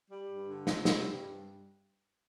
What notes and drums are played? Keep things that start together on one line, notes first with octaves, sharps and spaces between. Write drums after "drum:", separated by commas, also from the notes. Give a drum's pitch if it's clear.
G3
G2
D3
C4, drum: snare
G3, drum: snare
G2